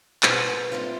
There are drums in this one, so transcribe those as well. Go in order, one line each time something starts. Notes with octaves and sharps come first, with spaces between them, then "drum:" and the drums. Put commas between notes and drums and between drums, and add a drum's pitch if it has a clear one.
B2 G#4 B4 C5 F#5, drum: clap
A#4
G3 A3 A#3 C4 F4